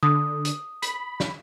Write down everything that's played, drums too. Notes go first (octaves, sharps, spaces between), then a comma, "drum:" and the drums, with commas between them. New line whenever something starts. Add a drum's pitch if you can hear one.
D3 D#6
drum: hi-hat
B5, drum: hi-hat
drum: snare